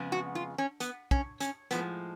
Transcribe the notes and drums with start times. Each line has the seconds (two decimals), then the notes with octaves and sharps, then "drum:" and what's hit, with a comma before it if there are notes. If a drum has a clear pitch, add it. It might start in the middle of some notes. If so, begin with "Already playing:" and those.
Already playing: F2 C#3 G#3 B3
0.12 F#4
0.35 F4
0.58 C#4
0.80 B3, drum: hi-hat
1.11 C#4, drum: kick
1.40 C#4, drum: hi-hat
1.71 A2 F3 G#3 B3, drum: hi-hat